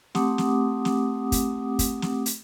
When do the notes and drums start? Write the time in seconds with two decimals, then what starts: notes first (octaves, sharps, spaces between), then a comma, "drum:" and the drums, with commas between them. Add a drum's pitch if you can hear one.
0.15 A3 C4 G4 F#5 D6 D#6, drum: snare
0.38 drum: snare
0.85 drum: snare
1.32 drum: kick, hi-hat
1.79 drum: kick, hi-hat
2.02 drum: snare
2.26 drum: hi-hat